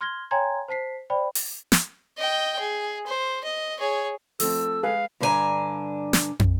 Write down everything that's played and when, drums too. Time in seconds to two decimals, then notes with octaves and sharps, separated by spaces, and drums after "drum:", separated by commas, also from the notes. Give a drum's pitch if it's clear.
0.01 C6 F6 G#6 A#6 G7
0.31 C#5 G5 G#5 A#5 C6 G#6
0.68 C5 A5 B6 C7
1.10 C5 D5 G5 B5
1.35 drum: open hi-hat
1.72 drum: snare
2.17 D#5 G5
2.59 G#4
3.07 C5
3.44 D#5
3.79 G#4 C#5
4.40 F3 A3 C4 A4 E6, drum: open hi-hat
4.83 G#3 G#4 B4 F5
5.20 G2 D3 D4 G#4 G#5 A#5
6.13 drum: snare
6.40 drum: tom